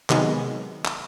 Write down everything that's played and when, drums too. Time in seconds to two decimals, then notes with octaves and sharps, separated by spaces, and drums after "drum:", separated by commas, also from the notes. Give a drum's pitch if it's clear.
0.10 C3 D#3 F#3 G#3 B3, drum: clap
0.85 drum: clap